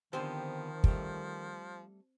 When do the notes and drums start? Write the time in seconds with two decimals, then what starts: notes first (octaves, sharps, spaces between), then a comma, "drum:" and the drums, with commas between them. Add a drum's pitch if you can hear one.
0.13 D3 D#3 F3 B3 C4 G4 C5 G#5
0.84 G3 A3, drum: kick